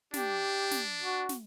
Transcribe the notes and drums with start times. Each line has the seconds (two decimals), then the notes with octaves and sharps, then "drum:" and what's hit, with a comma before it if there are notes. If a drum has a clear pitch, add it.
0.14 D4 G4, drum: snare
0.71 drum: snare
1.01 F#4
1.29 drum: snare